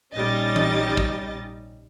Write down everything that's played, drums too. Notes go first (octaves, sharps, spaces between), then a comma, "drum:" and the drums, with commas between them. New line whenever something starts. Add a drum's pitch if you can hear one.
A#1 G3 C#4 D#4 D#5 A6
drum: tom E3
drum: kick